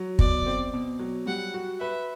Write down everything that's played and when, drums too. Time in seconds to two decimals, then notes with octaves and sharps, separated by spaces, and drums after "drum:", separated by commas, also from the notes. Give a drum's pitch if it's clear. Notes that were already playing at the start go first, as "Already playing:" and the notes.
Already playing: F#3
0.19 B2 D5, drum: kick
0.46 C4
0.73 B2
0.99 F#3
1.26 G3 F#5
1.54 F#4
1.80 B4 E5